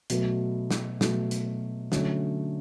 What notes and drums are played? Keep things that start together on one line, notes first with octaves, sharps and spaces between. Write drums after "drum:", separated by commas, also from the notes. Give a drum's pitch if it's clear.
B2 F#3 A3, drum: hi-hat
drum: snare
B2 F#3 A3, drum: snare
drum: hi-hat
D3 F#3 A3 C#4, drum: snare